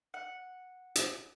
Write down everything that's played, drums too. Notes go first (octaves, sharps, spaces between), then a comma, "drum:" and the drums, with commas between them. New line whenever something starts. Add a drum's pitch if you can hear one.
F#5
drum: hi-hat